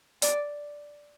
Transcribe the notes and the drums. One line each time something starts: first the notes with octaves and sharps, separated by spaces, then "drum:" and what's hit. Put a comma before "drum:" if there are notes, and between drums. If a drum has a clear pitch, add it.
D5, drum: hi-hat